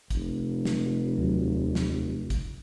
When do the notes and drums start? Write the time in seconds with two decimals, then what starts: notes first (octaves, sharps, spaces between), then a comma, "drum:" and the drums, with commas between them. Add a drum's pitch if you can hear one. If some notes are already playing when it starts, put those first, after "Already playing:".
0.10 F1, drum: kick, hi-hat
0.65 drum: snare
1.17 D#2 F#3
1.75 drum: snare
2.30 drum: kick, hi-hat